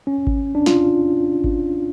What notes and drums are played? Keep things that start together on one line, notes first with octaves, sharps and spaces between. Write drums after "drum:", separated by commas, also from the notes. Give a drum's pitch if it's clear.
C#4
drum: kick G#1
D4
F4, drum: snare
drum: kick G#1